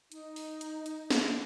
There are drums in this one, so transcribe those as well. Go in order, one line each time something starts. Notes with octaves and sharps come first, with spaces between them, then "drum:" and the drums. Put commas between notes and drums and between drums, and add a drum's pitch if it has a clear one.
D#4, drum: hi-hat
drum: open hi-hat
drum: hi-hat
drum: hi-hat
drum: snare